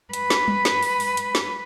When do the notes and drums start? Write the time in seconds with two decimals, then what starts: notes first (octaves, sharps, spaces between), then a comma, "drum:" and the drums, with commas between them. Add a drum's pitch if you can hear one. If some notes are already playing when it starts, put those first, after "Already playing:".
0.13 B4, drum: hi-hat
0.30 drum: snare
0.48 drum: tom G3
0.65 drum: snare
0.83 drum: open hi-hat
1.00 drum: open hi-hat
1.17 drum: hi-hat
1.35 drum: snare